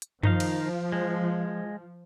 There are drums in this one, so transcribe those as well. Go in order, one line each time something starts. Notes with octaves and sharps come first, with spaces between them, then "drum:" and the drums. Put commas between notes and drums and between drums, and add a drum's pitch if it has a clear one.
drum: hi-hat
D#3 F3 D#4 F5, drum: tom F#2
drum: cymbal
G#3